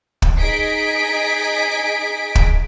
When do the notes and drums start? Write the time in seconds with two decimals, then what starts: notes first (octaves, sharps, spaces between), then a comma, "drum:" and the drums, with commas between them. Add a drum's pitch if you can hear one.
0.22 drum: kick
0.40 D#4 G#4 D#5 G#5 B6 D7
2.35 drum: kick